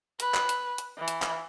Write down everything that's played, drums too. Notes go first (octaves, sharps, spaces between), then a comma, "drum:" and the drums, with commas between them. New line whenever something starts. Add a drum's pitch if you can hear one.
B4, drum: hi-hat
drum: clap
drum: hi-hat
drum: hi-hat
E3
drum: hi-hat
drum: clap